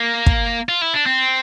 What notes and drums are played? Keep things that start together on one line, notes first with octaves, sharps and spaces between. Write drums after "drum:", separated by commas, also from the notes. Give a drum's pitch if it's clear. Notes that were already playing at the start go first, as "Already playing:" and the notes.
Already playing: A#3
drum: kick
F4
E4
D4
C4